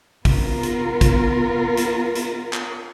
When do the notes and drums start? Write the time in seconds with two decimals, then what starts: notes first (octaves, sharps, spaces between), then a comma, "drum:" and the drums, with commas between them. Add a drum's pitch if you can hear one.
0.25 B3 F4 A#4, drum: kick, open hi-hat
0.63 drum: hi-hat
1.01 drum: kick, hi-hat
1.77 drum: hi-hat
2.15 drum: hi-hat
2.53 drum: clap